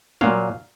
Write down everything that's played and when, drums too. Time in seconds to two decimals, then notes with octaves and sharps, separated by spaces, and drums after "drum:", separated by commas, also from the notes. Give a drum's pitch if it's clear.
0.21 A#2 F#3 F5, drum: tom